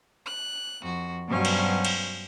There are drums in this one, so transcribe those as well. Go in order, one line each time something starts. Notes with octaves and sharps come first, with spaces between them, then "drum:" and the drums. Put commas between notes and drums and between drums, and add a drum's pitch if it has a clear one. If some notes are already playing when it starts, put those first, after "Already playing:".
F#6
F2 F#4
G2 B2 F#3 C#4 C5 F5
drum: cymbal
drum: cymbal